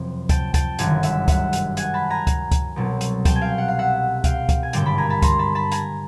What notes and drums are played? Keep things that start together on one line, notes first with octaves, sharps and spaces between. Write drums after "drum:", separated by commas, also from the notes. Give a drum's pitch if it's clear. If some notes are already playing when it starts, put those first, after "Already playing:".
Already playing: F#1 F2 C3 F3
G5 A5, drum: kick C#2, hi-hat
G5 A5, drum: kick C#2, hi-hat
G1 F#2 D#3 F#5 G#5, drum: hi-hat
E5 F#5, drum: hi-hat
E5 F#5, drum: kick C#2, hi-hat
drum: hi-hat
F#5 G#5, drum: hi-hat
A5 B5
G#5 A#5
drum: kick C#2, hi-hat
drum: kick C#2, hi-hat
C2 B2 F#3
drum: hi-hat
G5 A5, drum: kick C#2, hi-hat
G#5
F5 G5
F#5
F5
E5 F#5
F5 G5, drum: kick C#2, hi-hat
drum: kick C#2, hi-hat
G#5
G#1 G2 D3 G3 G5 A5, drum: hi-hat
A5 B5
G#5 A#5
A5 B5
A#5 C6, drum: kick C#2, hi-hat
A5 B5
A5 B5
G#5 A#5, drum: hi-hat